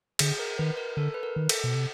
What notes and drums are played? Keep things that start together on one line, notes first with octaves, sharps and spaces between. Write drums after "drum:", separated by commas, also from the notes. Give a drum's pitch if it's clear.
D3 G#4, drum: cymbal
A#4
D#3 B4
A#4
D3 A4
B4
A#4
D#3
A4, drum: cymbal
B2
C3